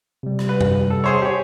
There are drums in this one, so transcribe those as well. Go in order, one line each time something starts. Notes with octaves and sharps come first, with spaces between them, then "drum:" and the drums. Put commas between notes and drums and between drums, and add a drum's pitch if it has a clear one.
C3 G3
drum: rim click
B4
drum: tom F#2
A4
G#4 C5 C#5
G4 C#5